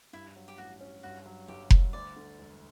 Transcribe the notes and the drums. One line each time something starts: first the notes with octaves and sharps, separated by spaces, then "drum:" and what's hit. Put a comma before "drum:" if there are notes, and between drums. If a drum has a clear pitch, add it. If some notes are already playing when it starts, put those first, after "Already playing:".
G2 E4
F#3
G4
A1 F#4
C#4
G2 F#4
F#3
G1 G4
G1, drum: kick F1
D2 D5
D3
E1